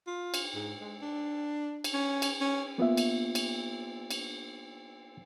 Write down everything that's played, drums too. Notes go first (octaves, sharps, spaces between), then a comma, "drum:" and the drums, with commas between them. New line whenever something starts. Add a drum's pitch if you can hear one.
F4
drum: cymbal
G#2
G#3
D4
drum: cymbal
C#4
drum: cymbal
C#4
A#3 B3 F4 E5
drum: cymbal
drum: cymbal
drum: cymbal